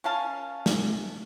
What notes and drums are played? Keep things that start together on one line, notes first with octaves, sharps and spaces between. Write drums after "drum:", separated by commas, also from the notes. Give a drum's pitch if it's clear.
C#4 A#4 F5 A5
drum: snare